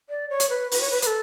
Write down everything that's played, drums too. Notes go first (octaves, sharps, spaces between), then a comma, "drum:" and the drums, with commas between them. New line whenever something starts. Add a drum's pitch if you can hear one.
D5
C#5
drum: hi-hat
B4
B4, drum: open hi-hat
C#5
B4
B4, drum: hi-hat
A4